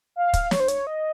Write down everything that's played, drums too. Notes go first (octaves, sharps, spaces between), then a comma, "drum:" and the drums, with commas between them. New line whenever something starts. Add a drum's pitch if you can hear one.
F5
drum: kick, hi-hat
C#5, drum: snare
C5
C#5, drum: hi-hat
D#5